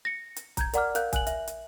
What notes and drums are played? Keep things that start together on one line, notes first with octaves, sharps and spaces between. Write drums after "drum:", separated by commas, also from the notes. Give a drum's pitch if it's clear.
A#6 C#7
drum: hi-hat
A#5 G6 G#6, drum: kick, hi-hat
A#4 D5 F#5 A#5 D6 F6, drum: hi-hat
A#4 F5 F#6 G6, drum: hi-hat
G#5 F#6 F#7, drum: kick, hi-hat
E5, drum: hi-hat
drum: hi-hat